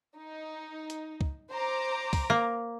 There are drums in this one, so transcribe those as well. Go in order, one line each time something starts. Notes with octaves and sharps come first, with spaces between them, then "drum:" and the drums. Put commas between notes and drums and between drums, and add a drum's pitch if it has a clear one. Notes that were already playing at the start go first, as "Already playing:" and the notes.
D#4
drum: hi-hat
drum: kick
C5 A#5 D6
drum: kick, open hi-hat
A#3